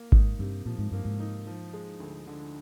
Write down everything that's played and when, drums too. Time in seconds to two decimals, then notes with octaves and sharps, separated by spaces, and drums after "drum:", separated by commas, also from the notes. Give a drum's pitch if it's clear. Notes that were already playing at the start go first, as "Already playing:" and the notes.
Already playing: A#3
0.12 G#2 D#4, drum: kick G#1
0.39 G2 C3
0.66 A#2 F3
0.79 G#2
0.92 G2 A#3
1.05 G#2
1.20 D#4
1.47 F3
1.73 G#3
2.00 D2
2.27 D3